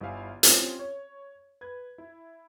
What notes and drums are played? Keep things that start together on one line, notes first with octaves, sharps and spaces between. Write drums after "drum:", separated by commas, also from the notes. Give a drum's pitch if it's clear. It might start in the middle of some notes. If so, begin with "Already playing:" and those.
G1 G3 E4 E5 F5 G#5
C4 C#4 F4 G4 G#4 C5, drum: hi-hat
C#5
B4 G#6
E4